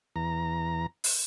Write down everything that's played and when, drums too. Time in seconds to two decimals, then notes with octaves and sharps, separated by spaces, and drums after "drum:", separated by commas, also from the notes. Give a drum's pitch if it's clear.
0.16 E2 A#5
1.04 drum: open hi-hat